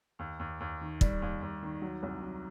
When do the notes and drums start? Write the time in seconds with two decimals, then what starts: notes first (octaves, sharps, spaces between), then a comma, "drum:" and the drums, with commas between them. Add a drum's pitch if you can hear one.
0.19 D#2
0.39 D#2
0.60 D#2
0.81 D#3
1.01 G3, drum: kick
1.22 D#2
1.42 D#2
1.63 D#3
1.82 F#3
2.03 C2
2.23 F#3